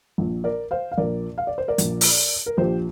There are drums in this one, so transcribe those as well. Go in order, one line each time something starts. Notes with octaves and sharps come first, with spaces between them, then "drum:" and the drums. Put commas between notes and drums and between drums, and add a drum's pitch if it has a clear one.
A#1 A#2 F3
A#4 D5
C5 F5
F5
A#1 A#2 F3 A#4 D5
F5
D5
C5
A#4 D5
A#1 A#2 F3, drum: hi-hat
drum: open hi-hat
A#4
A#1 A#2 F3 G4 C5